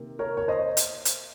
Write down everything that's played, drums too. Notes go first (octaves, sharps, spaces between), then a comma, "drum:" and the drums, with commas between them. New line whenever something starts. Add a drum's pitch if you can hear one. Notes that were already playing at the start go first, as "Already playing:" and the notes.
Already playing: C3 D#3 A#3
A#4 C#5
C#5
C5 D#5
drum: hi-hat
drum: hi-hat